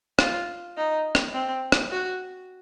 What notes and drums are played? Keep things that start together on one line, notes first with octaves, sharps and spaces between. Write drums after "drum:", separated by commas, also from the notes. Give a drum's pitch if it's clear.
F4, drum: rim click
D#4
drum: rim click
C4
drum: rim click
F#4